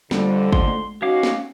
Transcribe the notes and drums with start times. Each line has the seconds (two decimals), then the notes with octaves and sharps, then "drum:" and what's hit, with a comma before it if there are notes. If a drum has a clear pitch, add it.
0.11 F2 D3 G3, drum: snare
0.53 C6, drum: kick
0.68 drum: tom G#3
1.02 C#4 D#4 F#4 C#5 F5 D6
1.23 drum: snare